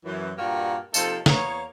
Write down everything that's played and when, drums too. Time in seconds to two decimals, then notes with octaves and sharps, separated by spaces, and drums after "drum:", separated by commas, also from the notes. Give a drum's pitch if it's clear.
0.05 F#2 E3
0.38 G2 A#2 A#3 F#4 G4 A#4
0.94 C3 F3 A#3 D#4 A4, drum: tambourine
1.26 E2 A#3 B3 C#5, drum: snare